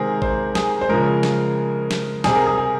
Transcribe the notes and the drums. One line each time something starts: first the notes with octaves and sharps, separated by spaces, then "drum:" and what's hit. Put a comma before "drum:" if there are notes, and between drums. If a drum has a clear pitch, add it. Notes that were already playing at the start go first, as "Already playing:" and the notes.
Already playing: C3 D#3 G#3 G#4 A#4 C5
C5, drum: kick A1
G#4, drum: snare
C5
C#3 F3 G#3 A#4
drum: snare
drum: snare
C3 G3 G#4, drum: snare
A#4
G#4
G#4